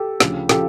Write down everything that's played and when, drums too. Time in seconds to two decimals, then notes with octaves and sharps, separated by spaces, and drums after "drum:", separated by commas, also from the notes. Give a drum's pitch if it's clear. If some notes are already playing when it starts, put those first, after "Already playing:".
Already playing: G4 A4
0.20 D2 C#3 F3, drum: snare
0.49 C#3 F3 G4 A4, drum: snare